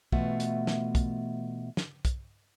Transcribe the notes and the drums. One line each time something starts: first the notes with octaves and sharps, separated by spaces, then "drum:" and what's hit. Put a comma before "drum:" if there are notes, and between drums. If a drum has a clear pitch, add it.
B2 E3 A3 F4 E5 F#5, drum: kick
drum: hi-hat
drum: snare
drum: kick, hi-hat
drum: snare
drum: kick, hi-hat